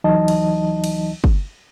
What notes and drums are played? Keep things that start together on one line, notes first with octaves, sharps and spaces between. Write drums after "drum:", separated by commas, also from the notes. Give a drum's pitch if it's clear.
C#2 E3 F#3 D#4 D#5 A5
drum: cymbal
drum: cymbal
drum: kick